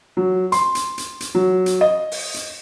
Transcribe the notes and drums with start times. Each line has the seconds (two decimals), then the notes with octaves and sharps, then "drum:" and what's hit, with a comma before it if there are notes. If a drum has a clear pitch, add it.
0.17 F#3
0.52 C6, drum: hi-hat
0.75 drum: hi-hat
0.98 drum: hi-hat
1.20 drum: hi-hat
1.35 F#3
1.66 drum: hi-hat
1.81 D#5
2.12 drum: open hi-hat
2.34 drum: hi-hat